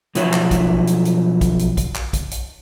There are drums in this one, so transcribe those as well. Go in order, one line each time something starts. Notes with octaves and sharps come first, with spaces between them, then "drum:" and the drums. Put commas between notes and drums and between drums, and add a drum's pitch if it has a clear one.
B1 F3 F#3 E4 C#5, drum: hi-hat
drum: clap
drum: kick A#1, hi-hat
drum: hi-hat
drum: hi-hat
drum: kick A#1, hi-hat
drum: hi-hat
drum: kick A#1, hi-hat
drum: clap
drum: kick A#1, hi-hat
drum: hi-hat